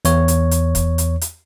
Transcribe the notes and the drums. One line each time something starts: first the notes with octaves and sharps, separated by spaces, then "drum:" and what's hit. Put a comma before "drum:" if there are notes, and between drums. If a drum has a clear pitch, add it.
E2 C#5, drum: hi-hat
drum: hi-hat
drum: hi-hat
drum: kick, hi-hat
drum: hi-hat
drum: hi-hat